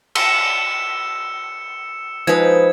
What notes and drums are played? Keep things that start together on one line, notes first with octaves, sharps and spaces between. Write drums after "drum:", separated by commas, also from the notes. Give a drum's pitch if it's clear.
E6 C#7 E7, drum: cymbal
F3 G#3 D#4 B4 G#6